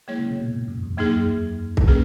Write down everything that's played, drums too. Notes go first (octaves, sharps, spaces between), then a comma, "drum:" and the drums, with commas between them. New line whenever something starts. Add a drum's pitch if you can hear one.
F#3 G#3 A#3 E4 G#4 C#5
C#3
B2
A#2
G#2
F#2
E2
G#2 F#3 A#3 D#4 G#4
F#2
E2
F#2
drum: kick
A#3 C#4 G#4 B4